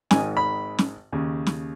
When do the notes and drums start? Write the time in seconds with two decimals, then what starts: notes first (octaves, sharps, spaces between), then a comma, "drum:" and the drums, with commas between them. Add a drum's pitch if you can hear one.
0.11 G#1 G#2 D#3 G#5, drum: snare
0.37 B5
0.79 drum: snare
1.12 D#2 C#3
1.47 drum: snare